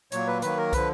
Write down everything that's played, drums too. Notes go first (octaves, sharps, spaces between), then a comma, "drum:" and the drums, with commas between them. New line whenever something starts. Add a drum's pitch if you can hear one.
A#2 F#3 A#3 C#5, drum: hi-hat
B4
D#3 F#3 A#3 B4, drum: hi-hat
A#4
D3 F3 B4, drum: kick, hi-hat